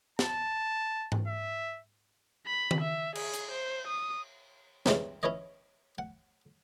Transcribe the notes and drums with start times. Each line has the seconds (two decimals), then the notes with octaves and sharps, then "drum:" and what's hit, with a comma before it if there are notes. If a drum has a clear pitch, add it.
0.19 A5, drum: snare
1.12 drum: tom G#2
1.27 E5
2.46 B5
2.71 drum: tom D#3
2.81 E5
3.15 G#4, drum: cymbal
3.34 drum: hi-hat
3.51 C5
3.87 D#6
4.86 G2 C3 E3 G#3 C#4, drum: snare
5.23 C#4 E4 B4 C#5 D#5
5.98 F#5